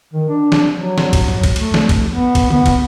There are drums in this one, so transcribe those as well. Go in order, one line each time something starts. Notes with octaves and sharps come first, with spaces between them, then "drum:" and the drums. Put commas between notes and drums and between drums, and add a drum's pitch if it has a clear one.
D#3
D4
drum: snare
F#3
drum: snare
drum: kick, cymbal
drum: tom G2
drum: kick, cymbal
A3, drum: cymbal
drum: snare
drum: kick, cymbal
B3
drum: kick, cymbal
B3, drum: tom
drum: kick, cymbal